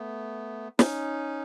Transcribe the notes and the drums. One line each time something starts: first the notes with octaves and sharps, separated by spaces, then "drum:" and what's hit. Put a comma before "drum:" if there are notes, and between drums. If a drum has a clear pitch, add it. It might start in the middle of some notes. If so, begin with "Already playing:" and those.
Already playing: A3 B3
C#4 D#4, drum: snare